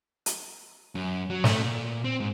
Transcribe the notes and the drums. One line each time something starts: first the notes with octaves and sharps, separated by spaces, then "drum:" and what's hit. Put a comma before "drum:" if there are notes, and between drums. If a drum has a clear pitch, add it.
drum: hi-hat
F#2
F#3
A3, drum: snare
A#2
C4
G#2